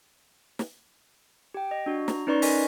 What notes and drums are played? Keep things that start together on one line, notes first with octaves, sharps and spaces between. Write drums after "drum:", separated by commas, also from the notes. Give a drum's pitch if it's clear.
drum: snare
G4 G5
D#5
D4 F#4
A#5, drum: snare
C#4 D#4 B4 D5 C6 C#6
A#4 D#5 G#5 C#6 B6, drum: open hi-hat